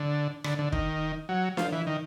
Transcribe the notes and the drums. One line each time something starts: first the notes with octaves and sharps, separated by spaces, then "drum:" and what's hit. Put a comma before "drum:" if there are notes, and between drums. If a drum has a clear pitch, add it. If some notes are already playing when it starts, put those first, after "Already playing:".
Already playing: D3
D3, drum: rim click
D3
D#3, drum: kick
F#3
F3, drum: snare D4
E3
D#3